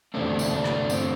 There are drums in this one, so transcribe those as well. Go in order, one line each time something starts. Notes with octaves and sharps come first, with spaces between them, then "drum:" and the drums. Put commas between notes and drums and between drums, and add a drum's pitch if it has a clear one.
E2 D3 A3 C4 D4
drum: tambourine
D4
drum: rim click
C4, drum: tambourine